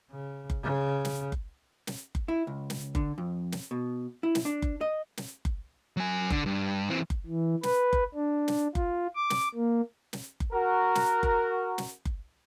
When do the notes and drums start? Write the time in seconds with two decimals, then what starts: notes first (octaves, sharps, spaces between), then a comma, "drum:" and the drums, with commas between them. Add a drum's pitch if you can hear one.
0.11 C#3
0.50 drum: kick F#1
0.63 C#3
1.05 drum: snare
1.32 drum: kick F#1
1.87 drum: snare
2.15 drum: kick F#1
2.28 E4
2.47 C#2
2.70 drum: snare
2.95 D3, drum: kick F#1
3.18 F2
3.52 drum: snare
3.71 B2
4.23 E4
4.35 drum: snare
4.45 D4
4.62 drum: kick F#1
4.81 D#5
5.17 drum: snare
5.45 drum: kick F#1
5.97 F#3 G#5
6.30 D3, drum: kick F#1
6.46 G2
6.89 E3 C4
7.10 drum: kick F#1
7.27 E3
7.63 B4, drum: snare
7.93 drum: kick F#1
8.15 D4
8.48 drum: snare
8.75 F4, drum: kick F#1
9.15 D6
9.30 drum: snare
9.55 A#3
10.13 drum: snare
10.40 drum: kick F#1
10.52 F#4 A#4
10.95 drum: snare
11.23 drum: kick F#1
11.78 drum: snare
12.05 drum: kick F#1